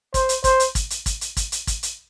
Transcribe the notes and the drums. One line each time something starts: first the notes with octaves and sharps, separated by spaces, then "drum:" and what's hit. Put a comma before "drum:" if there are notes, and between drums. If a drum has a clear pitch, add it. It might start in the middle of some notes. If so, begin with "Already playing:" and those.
C5, drum: kick, hi-hat
drum: hi-hat
C5, drum: kick, hi-hat
drum: hi-hat
drum: kick, hi-hat
drum: hi-hat
drum: kick, hi-hat
drum: hi-hat
drum: kick, hi-hat
drum: hi-hat
drum: kick, hi-hat
drum: hi-hat